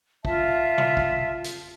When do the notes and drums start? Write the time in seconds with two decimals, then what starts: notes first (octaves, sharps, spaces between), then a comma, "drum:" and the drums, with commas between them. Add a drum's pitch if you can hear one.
0.25 F4 E5 A5, drum: kick
0.78 drum: tom B2
0.97 drum: kick
1.44 drum: hi-hat